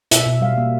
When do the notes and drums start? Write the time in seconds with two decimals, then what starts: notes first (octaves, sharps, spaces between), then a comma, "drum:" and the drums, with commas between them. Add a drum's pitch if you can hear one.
0.11 B2 E5, drum: hi-hat
0.26 B2
0.41 G3 F5
0.58 A#3